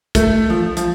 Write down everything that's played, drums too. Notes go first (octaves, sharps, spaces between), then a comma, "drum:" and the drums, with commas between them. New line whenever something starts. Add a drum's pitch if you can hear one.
A3, drum: kick, hi-hat
F3
F3, drum: hi-hat